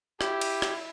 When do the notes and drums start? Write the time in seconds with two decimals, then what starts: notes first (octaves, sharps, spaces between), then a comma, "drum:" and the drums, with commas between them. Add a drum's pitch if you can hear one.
0.21 E4 G4, drum: rim click
0.41 drum: cymbal
0.62 drum: rim click